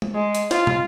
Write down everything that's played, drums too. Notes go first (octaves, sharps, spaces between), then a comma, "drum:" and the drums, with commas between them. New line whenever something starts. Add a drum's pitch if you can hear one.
drum: tom G#3
G#3
drum: hi-hat
F4, drum: snare
drum: tom